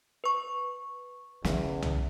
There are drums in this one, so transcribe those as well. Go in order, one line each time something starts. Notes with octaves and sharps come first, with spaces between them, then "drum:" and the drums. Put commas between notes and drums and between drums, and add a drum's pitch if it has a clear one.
B4 C#6
E2 C#3, drum: snare
drum: tom C2